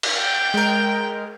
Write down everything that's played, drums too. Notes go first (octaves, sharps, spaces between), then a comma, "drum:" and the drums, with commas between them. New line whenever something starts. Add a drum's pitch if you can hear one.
drum: cymbal
G5
G#3 A#4